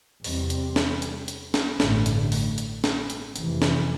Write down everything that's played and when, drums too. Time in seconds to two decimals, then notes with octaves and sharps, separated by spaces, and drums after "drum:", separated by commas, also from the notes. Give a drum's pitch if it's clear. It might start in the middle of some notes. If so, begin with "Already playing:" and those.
0.24 E2 C3 G3 C4, drum: open hi-hat
0.50 drum: hi-hat
0.76 drum: snare
1.02 drum: hi-hat
1.28 drum: hi-hat
1.54 drum: snare
1.80 A1 G2 D3 A3, drum: snare
2.06 drum: hi-hat
2.32 drum: open hi-hat
2.58 drum: hi-hat
2.84 drum: snare
3.10 drum: hi-hat
3.36 F1 F2 C3 E3, drum: hi-hat
3.62 drum: snare